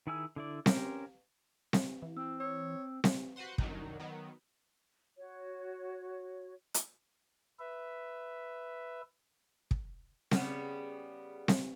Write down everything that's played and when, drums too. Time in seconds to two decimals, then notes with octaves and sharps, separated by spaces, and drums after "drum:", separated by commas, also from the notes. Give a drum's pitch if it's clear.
0.07 D#3 E4 G#4 G#5 E6
0.36 D3 E4 D5
0.66 C#4 G4 A#4 C5, drum: snare C4
1.73 drum: snare C4
2.02 E3
2.17 C4 E6
2.40 C#5 E6
3.04 drum: snare C4
3.36 F#4 B4 C5 F#5 C6
3.58 C2 F#2 D#3 F#3 D4 D#4, drum: kick
4.00 D#3 F#3 B3
5.18 F#4 C#5
6.74 drum: hi-hat
7.59 B4 E5
9.71 drum: kick
10.31 C#3 G3 B3, drum: snare C4
11.48 drum: snare C4